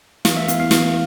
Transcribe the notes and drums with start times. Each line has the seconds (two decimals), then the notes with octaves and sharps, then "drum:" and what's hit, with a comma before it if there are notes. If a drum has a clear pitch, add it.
0.25 E3 F5, drum: snare
0.37 E5
0.48 B3 E4 F5, drum: hi-hat
0.60 F5
0.71 E3 F5, drum: snare